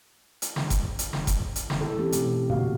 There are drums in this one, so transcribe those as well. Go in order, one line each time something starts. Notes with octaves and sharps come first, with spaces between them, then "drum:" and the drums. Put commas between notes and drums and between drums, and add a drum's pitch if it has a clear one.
drum: hi-hat
drum: snare
drum: kick F1, hi-hat
drum: hi-hat
drum: snare
drum: kick F1, hi-hat
drum: hi-hat
drum: snare
E4 A4
E3 A3 C4 C#4 G4
B2 C4, drum: hi-hat
A3
A#2 C#3 A#3 F#4 F5